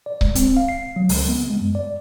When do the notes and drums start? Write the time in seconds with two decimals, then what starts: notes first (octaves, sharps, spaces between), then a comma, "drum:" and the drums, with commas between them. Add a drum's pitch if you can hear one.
0.06 D5
0.21 G#3, drum: kick C#1
0.35 C4, drum: hi-hat
0.57 F5
0.69 C7
0.96 F#3
1.09 C#2, drum: open hi-hat
1.29 B3
1.50 G#3
1.61 F#2
1.75 D5